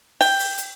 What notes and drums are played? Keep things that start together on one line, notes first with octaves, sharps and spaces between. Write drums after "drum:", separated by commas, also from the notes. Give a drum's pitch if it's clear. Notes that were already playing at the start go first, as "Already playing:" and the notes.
G5, drum: open hi-hat
drum: open hi-hat
drum: hi-hat